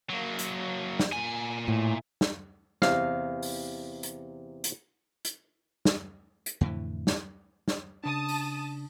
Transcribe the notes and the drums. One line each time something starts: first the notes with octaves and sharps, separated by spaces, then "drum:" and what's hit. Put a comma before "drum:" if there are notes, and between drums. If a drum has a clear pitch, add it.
F#3 A#3
drum: hi-hat
drum: snare
A#2 G#5
A2
drum: snare
E2 C3 F5, drum: snare
drum: open hi-hat
drum: hi-hat
drum: hi-hat
drum: hi-hat
drum: snare
drum: hi-hat
F2 A2 D3 E3
drum: snare
drum: snare
C#3 D4 A5 D#6
drum: open hi-hat